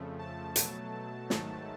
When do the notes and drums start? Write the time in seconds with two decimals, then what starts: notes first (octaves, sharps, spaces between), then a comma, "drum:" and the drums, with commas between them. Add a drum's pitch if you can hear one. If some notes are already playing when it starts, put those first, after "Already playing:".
Already playing: F2 C#3 F3 A3
0.19 A5
0.56 B2 F#3 A3, drum: hi-hat
1.30 G#2 D#3 F#3 A3, drum: snare